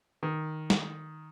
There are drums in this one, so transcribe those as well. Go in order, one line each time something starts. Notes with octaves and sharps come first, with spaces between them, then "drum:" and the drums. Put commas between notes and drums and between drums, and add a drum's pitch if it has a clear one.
D#3
drum: snare